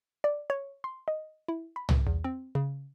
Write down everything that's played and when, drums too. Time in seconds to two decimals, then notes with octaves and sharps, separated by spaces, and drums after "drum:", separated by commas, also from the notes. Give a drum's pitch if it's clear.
0.24 D5
0.50 C#5
0.84 C6
1.08 D#5
1.48 E4
1.76 B5
1.89 drum: tom C2
2.07 E2
2.24 C4
2.55 C#3